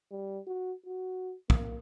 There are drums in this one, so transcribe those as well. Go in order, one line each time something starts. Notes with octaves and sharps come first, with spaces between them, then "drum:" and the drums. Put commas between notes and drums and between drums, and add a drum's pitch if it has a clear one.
G3
F#4
F#4
A#3, drum: kick